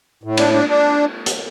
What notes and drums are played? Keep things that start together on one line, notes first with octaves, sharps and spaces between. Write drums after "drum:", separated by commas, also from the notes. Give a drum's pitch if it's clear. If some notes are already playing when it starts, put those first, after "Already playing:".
A2
D4, drum: cymbal
D4
D4
drum: hi-hat